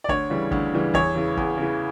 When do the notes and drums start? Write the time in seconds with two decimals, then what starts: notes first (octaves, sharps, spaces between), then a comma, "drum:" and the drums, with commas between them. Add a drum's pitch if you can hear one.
0.04 D5
0.09 D2 C#5, drum: kick
0.30 C#3 E3 G3
0.51 D2, drum: kick
0.73 C#3 E3 G3
0.94 E2 C#5, drum: kick
1.15 C#3 E3
1.37 E2, drum: kick
1.58 C#3 E3